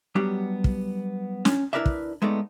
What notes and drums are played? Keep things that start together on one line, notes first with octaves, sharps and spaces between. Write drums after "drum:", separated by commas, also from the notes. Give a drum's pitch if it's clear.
F#3 G3 B3 D4 G4
drum: kick
C#4, drum: snare
D4 E4 A#4 B4 D5 E5
drum: kick
G#3 A3 B3 D#4 D5